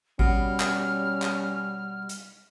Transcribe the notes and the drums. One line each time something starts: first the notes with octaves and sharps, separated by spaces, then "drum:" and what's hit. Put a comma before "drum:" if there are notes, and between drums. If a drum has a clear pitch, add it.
B2 G3 C#4 F6, drum: kick G#1
drum: clap
drum: clap
drum: hi-hat